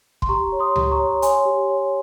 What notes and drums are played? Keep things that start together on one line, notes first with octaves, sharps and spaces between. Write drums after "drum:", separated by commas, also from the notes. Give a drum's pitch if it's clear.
C6, drum: kick
G4 A#5 C#6
C#5
C6 D#6
G4, drum: tom C#2
A#5 C#6
C#5
C#5 G#5 C6, drum: hi-hat
G4
C#5